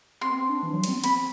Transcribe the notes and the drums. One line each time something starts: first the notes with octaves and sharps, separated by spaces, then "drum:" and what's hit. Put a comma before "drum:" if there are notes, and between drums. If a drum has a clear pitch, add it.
C4 C6
B3
C4
D4
E3
F#3
G3, drum: cymbal
C4
B3
C4 B5, drum: cymbal